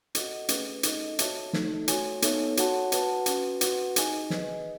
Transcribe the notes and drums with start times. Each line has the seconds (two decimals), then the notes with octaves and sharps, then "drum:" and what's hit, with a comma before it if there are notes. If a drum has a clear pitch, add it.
0.15 F#4 A4 D#5 F#5, drum: hi-hat
0.49 A3 C#4 G#4 B4, drum: hi-hat
0.83 D#4 A4 D#5, drum: hi-hat
1.19 F#4 C#5 E5 A5, drum: hi-hat
1.53 A3 D#4 A4, drum: snare
1.88 F#4 C#5 G#5, drum: hi-hat
2.22 B3 D#4 A4 C#5 E5, drum: hi-hat
2.57 F#4 C#5 F#5 A5, drum: hi-hat
2.92 F#4 B4 F#5 A5, drum: hi-hat
3.26 C#4 F#4 B4, drum: hi-hat
3.61 F#4 B4 F#5, drum: hi-hat
3.96 D#4 G#4 D#5 G#5, drum: hi-hat
4.30 G#4 B4 D#5, drum: snare